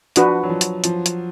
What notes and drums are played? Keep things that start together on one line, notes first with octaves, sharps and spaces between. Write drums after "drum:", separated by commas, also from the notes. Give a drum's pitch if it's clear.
F3 D4 F#4 B4, drum: hi-hat
F#3
F3
drum: hi-hat
F3, drum: hi-hat
drum: hi-hat